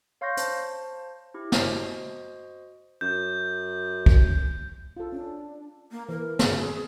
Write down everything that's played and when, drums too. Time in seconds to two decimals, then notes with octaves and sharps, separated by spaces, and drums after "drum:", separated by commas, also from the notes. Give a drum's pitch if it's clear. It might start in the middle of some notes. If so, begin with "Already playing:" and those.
0.21 C#5 F5 C6 C#6 G6 A#6
0.37 C5 A5, drum: hi-hat
1.34 E4 G4
1.52 F#4 C5 D#5, drum: snare
3.01 F#2 G6
4.06 drum: kick
4.97 F4 A4
5.12 C#4 D4
5.91 A#3
6.09 E3 A#4
6.39 D#3 B3 C4 G#4, drum: snare